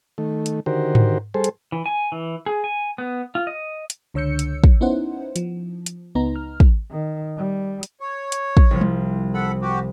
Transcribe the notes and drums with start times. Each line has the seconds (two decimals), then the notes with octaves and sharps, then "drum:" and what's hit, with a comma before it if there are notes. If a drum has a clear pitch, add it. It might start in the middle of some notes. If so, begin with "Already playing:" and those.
0.18 D#3 A3
0.46 drum: hi-hat
0.66 D3 D#3 F#4 G4 A#4 C5
0.95 drum: tom G#2
1.34 G3 G#4 A4 C5
1.44 drum: hi-hat
1.72 E3
1.86 G#5
2.12 E3
2.46 G#4
2.64 G#5
2.98 B3
3.35 F4
3.47 D#5
3.90 drum: hi-hat
4.14 C#2 D3 C#5 E6 G6 C#7
4.39 drum: hi-hat
4.64 drum: kick
4.81 B3 C#4 D#4 E4 C5 F#5
5.36 F3, drum: hi-hat
5.86 drum: hi-hat
6.15 C#2 B3 D#4 A#5
6.36 F6
6.60 drum: kick
6.91 D#3
7.38 G3
7.83 drum: hi-hat
8.00 C#5
8.32 drum: hi-hat
8.57 drum: kick
8.71 C2 C3 F3
8.81 drum: tom G3
9.34 A4 F#5 B5
9.62 F#4 G4